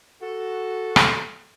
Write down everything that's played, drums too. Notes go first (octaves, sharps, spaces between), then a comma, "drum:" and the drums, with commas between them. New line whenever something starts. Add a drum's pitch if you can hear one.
F#4 A4
drum: rim click